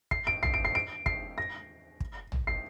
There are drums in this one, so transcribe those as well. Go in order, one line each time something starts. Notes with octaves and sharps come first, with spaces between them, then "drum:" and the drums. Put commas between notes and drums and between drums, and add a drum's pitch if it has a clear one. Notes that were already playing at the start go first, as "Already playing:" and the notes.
C7, drum: kick
D7
C7, drum: tom A1
D7
C7
D7
C7, drum: kick
A#6
drum: kick
drum: tom A1
C7